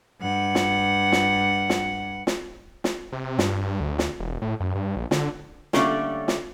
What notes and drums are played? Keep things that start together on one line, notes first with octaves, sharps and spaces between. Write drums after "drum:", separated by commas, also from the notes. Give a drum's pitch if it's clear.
G2 F#5
drum: snare
drum: snare
drum: snare
drum: snare
drum: snare
C3
G2, drum: snare
D2
drum: snare
E1
A2
F#2
G2
A#1
D3, drum: snare
D3 G3 A3 A#3 C#4, drum: snare
drum: snare